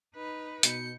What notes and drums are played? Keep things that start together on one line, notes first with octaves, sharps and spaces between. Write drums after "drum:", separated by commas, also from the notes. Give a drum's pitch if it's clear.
D#4 B4
B2 G6 C#7, drum: hi-hat